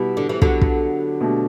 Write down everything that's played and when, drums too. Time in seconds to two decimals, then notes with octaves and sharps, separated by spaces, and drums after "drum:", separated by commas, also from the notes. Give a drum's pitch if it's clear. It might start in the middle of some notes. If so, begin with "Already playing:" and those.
Already playing: B2 G3 B3 E4 G4
0.17 D3
0.29 E3
0.42 D3 F#3, drum: kick
0.62 drum: kick
1.21 B2 A3 D4 G4